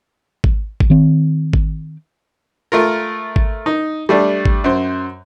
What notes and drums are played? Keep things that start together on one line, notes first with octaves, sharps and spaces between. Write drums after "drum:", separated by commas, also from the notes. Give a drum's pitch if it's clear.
drum: kick G#1
drum: kick G#1
D#3 C4
drum: kick G#1
A3 F4 A#4
drum: kick G#1
D#4
G3 A3 D4
drum: kick G#1
F#2 C5